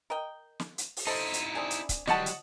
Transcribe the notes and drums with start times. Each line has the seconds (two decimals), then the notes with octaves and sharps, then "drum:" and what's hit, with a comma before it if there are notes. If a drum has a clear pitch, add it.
0.10 A#4 D#5 G5
0.60 drum: snare
0.78 drum: hi-hat
0.97 drum: open hi-hat
1.07 D#4 E4 A4 C5 D#5
1.34 drum: hi-hat
1.55 C4 D4 G#4
1.70 drum: hi-hat
1.89 drum: kick, hi-hat
2.07 F#3 G3 F#4 D#5 F#5 A5, drum: snare
2.26 drum: hi-hat